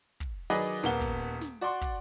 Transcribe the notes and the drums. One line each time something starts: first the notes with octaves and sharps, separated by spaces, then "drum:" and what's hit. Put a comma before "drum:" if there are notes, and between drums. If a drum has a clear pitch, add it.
drum: kick
D#3 F#3 G#4 B4 D5 D#5
D#1 A#3 B3 F#5 G7, drum: snare
drum: kick
drum: snare
F#4 D5 F#5 C6
drum: kick